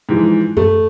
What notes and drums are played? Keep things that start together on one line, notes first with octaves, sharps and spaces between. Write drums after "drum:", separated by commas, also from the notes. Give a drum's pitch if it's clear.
G#2 E3 F3
A3, drum: tom F#2